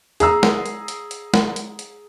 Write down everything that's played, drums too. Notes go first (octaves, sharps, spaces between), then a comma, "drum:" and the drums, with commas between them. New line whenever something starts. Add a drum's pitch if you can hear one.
G#4 A#5 E6, drum: hi-hat
drum: snare
drum: hi-hat
drum: hi-hat
drum: hi-hat
drum: snare
drum: hi-hat
drum: hi-hat